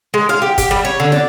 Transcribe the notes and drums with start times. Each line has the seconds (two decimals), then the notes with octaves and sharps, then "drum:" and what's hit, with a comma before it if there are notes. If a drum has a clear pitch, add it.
0.14 G#3
0.29 F5
0.42 G4
0.58 G4, drum: kick, hi-hat
0.71 G3
0.85 C#5
1.00 D3
1.12 D5, drum: snare